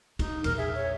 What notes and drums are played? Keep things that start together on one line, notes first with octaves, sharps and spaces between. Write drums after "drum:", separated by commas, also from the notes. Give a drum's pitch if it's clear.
A#3 D#4, drum: kick, cymbal
A#1 E2 A#4, drum: cymbal
G#4 E5
C#5